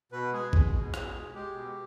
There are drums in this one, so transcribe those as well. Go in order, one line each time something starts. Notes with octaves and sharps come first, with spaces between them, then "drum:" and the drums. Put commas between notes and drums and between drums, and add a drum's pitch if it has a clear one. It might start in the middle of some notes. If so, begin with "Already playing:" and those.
B2 B4
G#3 G#4
G#3, drum: kick G#1
B2
B2, drum: rim click
G#3
G#3 G4
B2